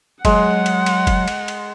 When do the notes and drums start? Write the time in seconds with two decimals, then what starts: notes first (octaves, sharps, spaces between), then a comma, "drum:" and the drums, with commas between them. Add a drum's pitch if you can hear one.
0.25 F#3 G#3 F#5, drum: kick, cymbal
0.66 drum: cymbal
0.86 drum: cymbal
1.07 drum: kick, cymbal
1.28 drum: cymbal
1.48 drum: cymbal